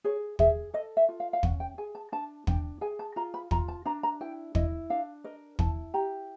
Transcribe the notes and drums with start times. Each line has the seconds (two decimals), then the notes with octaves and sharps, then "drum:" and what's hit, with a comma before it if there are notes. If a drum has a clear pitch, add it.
0.04 G#4 C#5
0.39 G#4 E5, drum: kick
0.74 A4 D#5
0.97 E5
1.09 F4
1.20 F5
1.33 F5
1.43 C#4 F#5, drum: kick
1.60 G5
1.78 G#4 G#5
1.95 A5
2.12 D4 A5
2.47 D4 G5, drum: kick
2.81 G#4 G#5
2.99 A5
3.16 F4 A#5
3.34 B5
3.51 F4 A#5, drum: kick
3.68 A5
3.85 D4 A#5
4.03 A#5
4.21 E4 G5
4.55 E4 D#5, drum: kick
4.90 D4 F5
5.24 A#4 D#5
5.59 E4 A5, drum: kick
5.94 G4 A#5